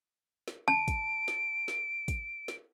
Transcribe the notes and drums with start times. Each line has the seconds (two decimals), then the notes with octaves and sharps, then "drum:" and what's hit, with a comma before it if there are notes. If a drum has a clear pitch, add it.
0.48 drum: snare
0.68 A5 D7
0.88 drum: kick, hi-hat
1.28 drum: snare
1.68 drum: snare
2.08 drum: kick, hi-hat
2.48 drum: snare